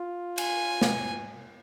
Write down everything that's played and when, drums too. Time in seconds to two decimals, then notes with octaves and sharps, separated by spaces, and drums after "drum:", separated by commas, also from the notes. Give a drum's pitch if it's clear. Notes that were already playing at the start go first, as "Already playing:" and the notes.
Already playing: F4
0.38 G#5, drum: cymbal
0.81 drum: snare